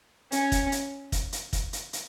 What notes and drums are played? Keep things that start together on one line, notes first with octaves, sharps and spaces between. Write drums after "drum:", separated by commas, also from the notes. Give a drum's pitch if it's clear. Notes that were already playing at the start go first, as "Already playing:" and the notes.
C#4, drum: hi-hat
drum: kick, hi-hat
drum: hi-hat
drum: kick, hi-hat
drum: hi-hat
drum: kick, hi-hat
drum: hi-hat
drum: hi-hat